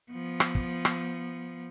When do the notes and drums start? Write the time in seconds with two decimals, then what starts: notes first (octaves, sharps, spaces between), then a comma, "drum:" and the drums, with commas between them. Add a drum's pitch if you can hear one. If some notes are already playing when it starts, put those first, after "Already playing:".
0.10 F3 B3
0.40 drum: rim click
0.55 drum: kick
0.85 drum: rim click